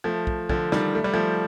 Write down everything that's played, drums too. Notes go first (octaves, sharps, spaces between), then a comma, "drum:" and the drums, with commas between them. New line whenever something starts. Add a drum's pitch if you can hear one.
F3 A3
drum: kick
D3 F3, drum: kick
D#3 G3, drum: snare
A3
G3
F3 A3